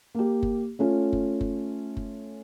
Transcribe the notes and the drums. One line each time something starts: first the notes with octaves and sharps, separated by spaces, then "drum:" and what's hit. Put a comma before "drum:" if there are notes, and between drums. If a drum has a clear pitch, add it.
A#3 G4
drum: kick F#1
A3 C#4 F4
drum: kick F#1
drum: kick F#1
drum: kick F#1